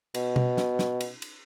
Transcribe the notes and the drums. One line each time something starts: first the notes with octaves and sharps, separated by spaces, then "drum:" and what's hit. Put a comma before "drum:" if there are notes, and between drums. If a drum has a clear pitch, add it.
B2, drum: cymbal
drum: tom B2
drum: snare
drum: snare
drum: cymbal
drum: cymbal